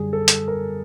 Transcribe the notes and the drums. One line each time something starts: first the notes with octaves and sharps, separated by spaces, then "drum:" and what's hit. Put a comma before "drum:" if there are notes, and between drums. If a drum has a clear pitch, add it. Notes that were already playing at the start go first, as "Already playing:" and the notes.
Already playing: F#2 D3 G3 G#4
A4
drum: hi-hat
A#4